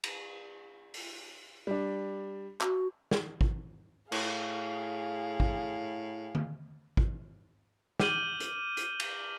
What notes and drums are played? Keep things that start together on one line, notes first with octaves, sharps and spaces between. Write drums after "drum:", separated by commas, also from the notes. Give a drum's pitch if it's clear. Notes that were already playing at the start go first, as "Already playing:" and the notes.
drum: cymbal
drum: open hi-hat
G3 D4
F#4, drum: clap
drum: snare
drum: kick
A2 G#4 F5, drum: cymbal
drum: kick
drum: tom D3
drum: kick
D6 F6 G6 D#7 F#7 G7, drum: snare
drum: hi-hat
drum: hi-hat
drum: cymbal